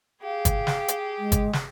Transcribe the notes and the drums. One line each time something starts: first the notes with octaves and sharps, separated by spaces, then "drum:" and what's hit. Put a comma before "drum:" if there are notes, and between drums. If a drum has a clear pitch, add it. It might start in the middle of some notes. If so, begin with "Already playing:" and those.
G4 G#4 F5
drum: kick G1, hi-hat
drum: snare
drum: hi-hat
G#3
drum: kick G1, hi-hat
drum: snare